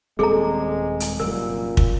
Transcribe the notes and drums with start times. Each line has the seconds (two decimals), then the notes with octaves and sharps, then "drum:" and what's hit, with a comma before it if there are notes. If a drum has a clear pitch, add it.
0.19 D#1 G3 G#3 C4 G#4 A4 A#5
1.00 drum: hi-hat
1.20 F1 F#2 A#2 G3 A#4
1.77 drum: kick